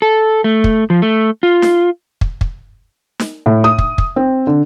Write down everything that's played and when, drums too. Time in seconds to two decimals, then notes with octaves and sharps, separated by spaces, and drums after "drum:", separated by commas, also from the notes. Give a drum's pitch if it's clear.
0.02 A4
0.44 A3
0.64 drum: kick
0.90 F3
1.02 A3
1.43 F4
1.62 drum: snare
2.21 drum: kick
2.41 drum: kick
3.20 drum: snare
3.46 A2
3.64 D#6
3.78 drum: kick
3.98 drum: kick
4.16 C4
4.47 D3